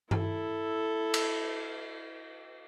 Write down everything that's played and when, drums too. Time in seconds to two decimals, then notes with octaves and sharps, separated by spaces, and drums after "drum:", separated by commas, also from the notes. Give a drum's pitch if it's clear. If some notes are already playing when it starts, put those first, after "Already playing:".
0.11 E4 A4, drum: tom G2
1.14 drum: cymbal